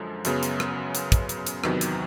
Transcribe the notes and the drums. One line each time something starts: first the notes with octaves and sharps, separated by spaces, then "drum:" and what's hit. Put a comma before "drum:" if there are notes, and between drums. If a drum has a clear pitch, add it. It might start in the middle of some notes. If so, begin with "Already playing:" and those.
Already playing: F#2 D3 F3 G#3
F#2 C#3 F#3 B3, drum: hi-hat
drum: hi-hat
drum: rim click
drum: hi-hat
drum: kick, hi-hat
drum: hi-hat
drum: hi-hat
E2 C3 D#3 F#3 B3, drum: rim click
drum: hi-hat